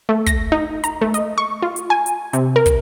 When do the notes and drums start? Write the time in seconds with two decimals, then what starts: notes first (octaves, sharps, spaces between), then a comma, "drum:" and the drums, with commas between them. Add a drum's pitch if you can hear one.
0.09 A3
0.26 A#6, drum: kick, hi-hat
0.52 D#4
0.84 A#5, drum: hi-hat
1.01 A3
1.14 D#5, drum: hi-hat
1.38 C#6
1.62 F4
1.76 drum: hi-hat
1.90 G#5
2.06 drum: hi-hat
2.33 C3, drum: hi-hat
2.56 A#4
2.66 drum: kick, hi-hat